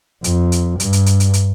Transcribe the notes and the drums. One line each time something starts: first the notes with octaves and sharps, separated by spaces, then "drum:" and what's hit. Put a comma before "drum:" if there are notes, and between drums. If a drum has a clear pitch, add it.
F2, drum: hi-hat
drum: hi-hat
G2, drum: hi-hat
drum: hi-hat
drum: hi-hat
drum: hi-hat
drum: hi-hat